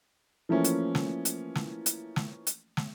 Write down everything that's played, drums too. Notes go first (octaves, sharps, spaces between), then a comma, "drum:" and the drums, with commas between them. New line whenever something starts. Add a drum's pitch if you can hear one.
E3 F3 A3 A#3 C#4
drum: hi-hat
drum: snare
drum: hi-hat
drum: snare
drum: hi-hat
drum: snare
drum: hi-hat
drum: snare